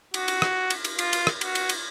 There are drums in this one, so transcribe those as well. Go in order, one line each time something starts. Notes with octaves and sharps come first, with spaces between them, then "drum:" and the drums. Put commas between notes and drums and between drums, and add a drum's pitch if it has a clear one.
F#4, drum: cymbal
drum: cymbal
drum: rim click
drum: cymbal
drum: cymbal
F4, drum: cymbal
drum: cymbal
drum: rim click
F#4, drum: cymbal
drum: cymbal
drum: cymbal